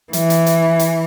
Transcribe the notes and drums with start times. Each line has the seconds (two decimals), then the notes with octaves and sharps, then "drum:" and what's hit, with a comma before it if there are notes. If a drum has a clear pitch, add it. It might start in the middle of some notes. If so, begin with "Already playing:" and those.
0.13 E3, drum: hi-hat
0.30 drum: hi-hat
0.46 drum: hi-hat
0.79 drum: hi-hat